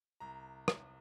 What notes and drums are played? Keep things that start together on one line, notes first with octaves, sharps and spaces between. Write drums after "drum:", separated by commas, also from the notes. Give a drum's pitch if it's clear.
C2 A#5
drum: rim click